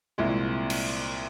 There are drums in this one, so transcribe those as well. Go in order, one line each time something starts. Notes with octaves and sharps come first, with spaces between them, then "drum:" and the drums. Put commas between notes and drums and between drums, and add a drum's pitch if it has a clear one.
C2 A#2 G#3 E4
drum: cymbal